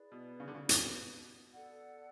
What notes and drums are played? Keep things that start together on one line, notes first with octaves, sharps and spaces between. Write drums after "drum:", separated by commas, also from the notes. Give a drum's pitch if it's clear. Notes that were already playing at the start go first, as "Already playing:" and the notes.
Already playing: E4 G#4 B4 D5
B2
C#3
D3
C#3
B2, drum: hi-hat
A4 D5 F#5